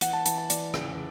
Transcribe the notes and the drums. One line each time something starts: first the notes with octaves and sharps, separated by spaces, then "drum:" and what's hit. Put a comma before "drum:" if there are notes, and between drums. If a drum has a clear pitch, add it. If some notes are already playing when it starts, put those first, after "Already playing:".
E3 F#5, drum: hi-hat
A5
E3 A5, drum: hi-hat
A5
E3 D5, drum: hi-hat
C#3, drum: rim click